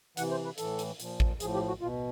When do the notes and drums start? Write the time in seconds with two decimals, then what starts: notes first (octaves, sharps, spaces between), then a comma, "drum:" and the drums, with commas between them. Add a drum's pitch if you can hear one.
0.17 C3 E3 F#5, drum: hi-hat
0.31 C5
0.45 B4
0.58 A2 E3 A4, drum: hi-hat
0.79 drum: hi-hat
1.00 A#2 F3, drum: hi-hat
1.20 drum: kick A1
1.40 A2 F3 G#4, drum: hi-hat
1.54 G4
1.68 F#4
1.81 B2 F4